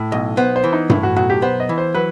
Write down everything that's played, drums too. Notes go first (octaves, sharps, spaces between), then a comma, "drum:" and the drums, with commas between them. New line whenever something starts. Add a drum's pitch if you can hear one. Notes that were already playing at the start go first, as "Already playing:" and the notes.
Already playing: A2
B1 D#5
B3 C5
C5
E3
D#4
A2, drum: tom G2
F#4
B1 F#4
G4
B3 C5
D#5
E3
C5
F#3 B4